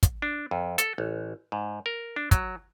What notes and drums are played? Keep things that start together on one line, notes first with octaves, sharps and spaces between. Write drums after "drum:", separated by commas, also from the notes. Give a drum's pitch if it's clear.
drum: kick, hi-hat
D4
F2
A4, drum: hi-hat
A1
G#2
A#4
D4
F#3, drum: kick, hi-hat